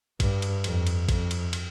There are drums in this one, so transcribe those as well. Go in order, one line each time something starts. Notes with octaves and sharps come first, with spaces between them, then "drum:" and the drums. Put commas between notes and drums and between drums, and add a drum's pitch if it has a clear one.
G2, drum: kick A1, cymbal
drum: cymbal
F2, drum: cymbal
drum: cymbal
F2, drum: kick A1, cymbal
drum: cymbal
drum: cymbal